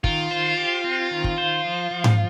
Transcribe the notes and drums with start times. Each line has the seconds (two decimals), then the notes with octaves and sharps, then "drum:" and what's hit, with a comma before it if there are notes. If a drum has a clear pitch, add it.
0.04 D#3 F4, drum: kick
0.31 C5
0.57 G4
0.84 C4
1.11 D#3
1.24 drum: kick
1.38 C5
1.64 F3
1.91 F3
2.04 drum: tom G#2